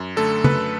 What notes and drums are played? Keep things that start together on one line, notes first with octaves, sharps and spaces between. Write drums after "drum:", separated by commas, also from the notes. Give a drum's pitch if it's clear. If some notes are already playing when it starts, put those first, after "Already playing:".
Already playing: F#2
D3 A3 A4
F#2 B4, drum: tom